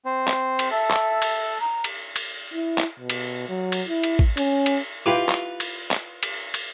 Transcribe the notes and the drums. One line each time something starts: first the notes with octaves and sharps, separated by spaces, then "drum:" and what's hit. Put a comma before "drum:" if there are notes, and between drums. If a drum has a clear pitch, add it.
C4 C5
drum: clap
drum: cymbal
A4 E5 A5
drum: clap
drum: cymbal
A#5
drum: cymbal
drum: cymbal
E4
drum: clap
B2
drum: cymbal
F#3
drum: cymbal
E4
drum: cymbal
drum: kick
C#4, drum: cymbal
drum: cymbal
E4 F4 G4 B4 D6
drum: clap
drum: cymbal
drum: clap
drum: cymbal
drum: cymbal